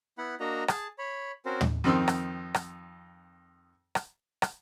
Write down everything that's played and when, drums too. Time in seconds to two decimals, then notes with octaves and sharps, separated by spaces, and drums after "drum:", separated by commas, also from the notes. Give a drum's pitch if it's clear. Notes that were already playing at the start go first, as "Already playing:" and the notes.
0.18 B3 E4 F#5 B5
0.40 A#3 D4 F#4 D#5 A#5
0.68 G#4 A5, drum: rim click
0.98 C#5 B5
1.46 C4 C#4 F#4 A#4 C5
1.61 drum: tom
1.84 F2 D#3 C4 C6 E6
2.08 drum: rim click
2.54 drum: rim click
3.95 drum: rim click
4.42 drum: rim click